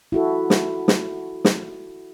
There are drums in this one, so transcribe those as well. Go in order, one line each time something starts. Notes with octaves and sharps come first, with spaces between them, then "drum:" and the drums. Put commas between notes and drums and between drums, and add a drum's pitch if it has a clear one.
E4 F#4 A4
drum: snare
drum: snare
drum: snare